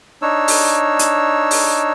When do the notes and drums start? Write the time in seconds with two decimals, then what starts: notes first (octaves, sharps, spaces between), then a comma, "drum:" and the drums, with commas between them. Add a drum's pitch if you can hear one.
0.22 D4 D#4 C#5 E6
0.48 drum: open hi-hat
0.99 drum: hi-hat
1.51 drum: open hi-hat